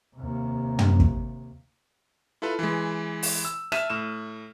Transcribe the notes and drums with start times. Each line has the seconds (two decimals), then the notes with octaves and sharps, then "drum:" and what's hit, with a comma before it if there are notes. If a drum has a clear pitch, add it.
0.15 D#2 C3
0.79 drum: tom
1.00 drum: kick
2.42 E4 F4 A4 B4
2.59 E3 G#3
3.23 drum: open hi-hat
3.45 E6
3.72 E5 A5 E6 F6 D#7 E7, drum: rim click
3.90 A2 F6 E7